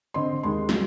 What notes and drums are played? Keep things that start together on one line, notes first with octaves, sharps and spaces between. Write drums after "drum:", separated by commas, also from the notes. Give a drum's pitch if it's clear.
D3 C4 D#5 C6
D#2 G#3 C6
F#3 G3, drum: snare